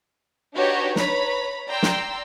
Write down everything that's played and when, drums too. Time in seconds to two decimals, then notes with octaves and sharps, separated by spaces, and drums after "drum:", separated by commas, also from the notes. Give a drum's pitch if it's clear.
0.54 D4 D#4 F#4 G4 B4 C#5
0.96 B4 C#5 A#5 B5, drum: snare
1.68 D5 G5 A#5 C6 E6
1.83 drum: snare